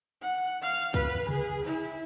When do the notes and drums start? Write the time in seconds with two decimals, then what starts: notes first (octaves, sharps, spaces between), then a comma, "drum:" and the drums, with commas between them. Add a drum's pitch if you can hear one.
0.21 F#5
0.62 F5
0.94 B4, drum: kick
1.29 G#4, drum: tom C3
1.65 E4